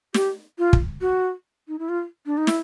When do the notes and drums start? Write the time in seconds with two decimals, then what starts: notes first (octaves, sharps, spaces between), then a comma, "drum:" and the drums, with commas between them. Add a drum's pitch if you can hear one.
0.14 G4, drum: snare
0.58 F4
0.73 drum: kick
1.01 F#4
1.68 D#4
1.79 E4
1.89 F4
2.26 D4
2.37 D#4
2.47 E4, drum: snare